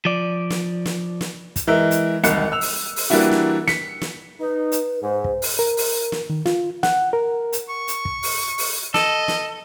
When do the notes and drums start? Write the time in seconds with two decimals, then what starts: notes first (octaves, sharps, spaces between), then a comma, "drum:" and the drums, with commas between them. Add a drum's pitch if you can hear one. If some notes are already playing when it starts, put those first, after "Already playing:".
0.05 F3 D5
0.50 drum: snare
0.86 drum: snare
1.21 drum: snare
1.56 drum: kick, hi-hat
1.67 E3 G#3 A#4 E5
1.91 drum: hi-hat
2.24 E1 C2 D#3 F#6 C#7, drum: hi-hat
2.52 E6 F7
2.61 drum: open hi-hat
2.96 drum: open hi-hat
3.10 E3 G3 A#3 D4 E4 F#4
3.31 drum: snare
3.68 B6 C#7, drum: snare
4.01 drum: snare
4.41 D#4 B4
4.72 drum: hi-hat
5.03 G#2 C5
5.24 drum: kick
5.42 drum: open hi-hat
5.59 A#4
5.77 drum: open hi-hat
6.12 drum: snare
6.30 D#3
6.46 F4, drum: snare
6.83 F#5, drum: snare
7.13 A#4
7.53 drum: hi-hat
7.69 C#6
7.88 drum: hi-hat
8.05 drum: kick
8.23 drum: open hi-hat
8.58 drum: open hi-hat
8.94 A4 D#5, drum: snare
9.28 drum: snare